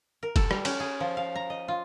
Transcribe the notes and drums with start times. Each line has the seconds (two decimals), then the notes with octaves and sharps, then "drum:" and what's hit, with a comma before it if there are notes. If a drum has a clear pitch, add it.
0.23 A#4
0.36 A4, drum: kick F1, cymbal
0.51 G3, drum: rim click
0.65 C#4, drum: cymbal
0.80 G#4
1.00 F3
1.17 F5
1.35 A#5
1.50 D#5
1.68 F4